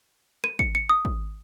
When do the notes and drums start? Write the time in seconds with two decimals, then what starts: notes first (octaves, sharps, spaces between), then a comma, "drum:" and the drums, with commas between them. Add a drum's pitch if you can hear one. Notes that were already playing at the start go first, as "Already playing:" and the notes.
0.44 D#7, drum: rim click
0.59 C#7, drum: kick
0.75 C#7
0.89 D#6
1.05 drum: kick